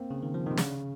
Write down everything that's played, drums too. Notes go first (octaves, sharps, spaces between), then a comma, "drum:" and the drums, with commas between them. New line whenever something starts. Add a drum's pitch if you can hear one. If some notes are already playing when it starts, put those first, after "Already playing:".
Already playing: A#3 C4
C#3
D#3
F3
C3 D#3
C#3, drum: snare